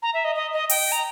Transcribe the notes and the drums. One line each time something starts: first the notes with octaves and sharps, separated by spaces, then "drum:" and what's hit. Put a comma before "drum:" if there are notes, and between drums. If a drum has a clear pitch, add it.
A#5
E5
D#5
D#5
D#5
G5, drum: open hi-hat
A#5